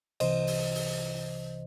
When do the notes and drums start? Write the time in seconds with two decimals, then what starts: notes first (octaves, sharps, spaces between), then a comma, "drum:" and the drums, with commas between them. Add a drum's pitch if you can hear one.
0.20 C2 C3 E3 C5 D#5, drum: cymbal
0.47 drum: open hi-hat
0.75 drum: open hi-hat